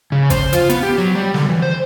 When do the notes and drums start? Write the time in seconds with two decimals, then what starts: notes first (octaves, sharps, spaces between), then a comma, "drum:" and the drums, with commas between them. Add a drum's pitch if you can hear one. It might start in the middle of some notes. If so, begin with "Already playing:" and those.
0.12 C#3
0.30 C5, drum: kick G#1, hi-hat
0.53 F4, drum: hi-hat
0.70 B3, drum: hi-hat
0.83 G4
0.98 F#3
1.15 G3
1.34 D3, drum: snare
1.49 E3
1.62 C5